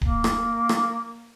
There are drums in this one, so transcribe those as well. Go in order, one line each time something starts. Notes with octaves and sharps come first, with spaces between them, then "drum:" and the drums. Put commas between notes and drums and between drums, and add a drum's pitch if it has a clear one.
A#3, drum: kick D1
drum: rim click
drum: rim click